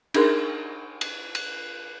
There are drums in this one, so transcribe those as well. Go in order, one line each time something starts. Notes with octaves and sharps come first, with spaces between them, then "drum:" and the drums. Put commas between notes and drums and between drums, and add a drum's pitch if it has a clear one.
D4 D#4 G#4 A#4 C6, drum: cymbal
drum: cymbal
drum: cymbal